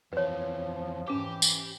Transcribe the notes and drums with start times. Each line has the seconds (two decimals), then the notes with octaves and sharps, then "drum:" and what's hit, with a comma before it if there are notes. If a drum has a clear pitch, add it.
0.13 F2 E3 F3 B4 C#5
1.08 G#2 E3 C#4 G4 D6
1.42 drum: tambourine